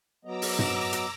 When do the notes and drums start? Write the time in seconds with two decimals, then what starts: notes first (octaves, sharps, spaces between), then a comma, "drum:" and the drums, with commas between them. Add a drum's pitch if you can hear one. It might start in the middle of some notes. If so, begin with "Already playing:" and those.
0.25 F#3 B3 D#5 A#5 D6 E6
0.42 drum: open hi-hat
0.59 drum: tom
0.93 drum: hi-hat